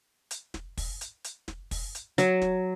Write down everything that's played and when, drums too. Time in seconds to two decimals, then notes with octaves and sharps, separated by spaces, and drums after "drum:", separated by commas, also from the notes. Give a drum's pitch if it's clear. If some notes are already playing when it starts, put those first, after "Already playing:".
0.31 drum: hi-hat
0.54 drum: snare
0.77 drum: kick, open hi-hat
1.01 drum: hi-hat
1.24 drum: hi-hat
1.48 drum: snare
1.71 drum: kick, open hi-hat
1.95 drum: hi-hat
2.18 F#3, drum: hi-hat
2.42 drum: snare